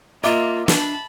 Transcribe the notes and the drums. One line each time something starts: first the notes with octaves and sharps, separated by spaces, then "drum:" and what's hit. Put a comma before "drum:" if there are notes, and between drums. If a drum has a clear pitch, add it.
A#3 F4 D#5 E5 D6
D4 A5 B5, drum: snare